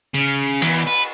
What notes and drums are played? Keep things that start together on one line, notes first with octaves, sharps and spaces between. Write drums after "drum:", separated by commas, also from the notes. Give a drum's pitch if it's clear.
C#3
E2, drum: cymbal
B4